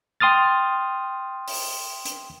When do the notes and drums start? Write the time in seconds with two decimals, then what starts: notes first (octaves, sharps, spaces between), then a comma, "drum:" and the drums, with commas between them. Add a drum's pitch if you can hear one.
0.20 G5 C6 D#6 F6 A6
1.48 drum: open hi-hat
2.05 drum: hi-hat